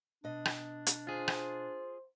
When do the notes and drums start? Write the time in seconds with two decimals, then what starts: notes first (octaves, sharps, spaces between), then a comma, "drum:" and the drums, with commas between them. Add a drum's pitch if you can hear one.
0.24 B2 D4 D#5
0.45 drum: rim click
0.87 drum: hi-hat
1.07 F4 G#4 C5
1.28 drum: rim click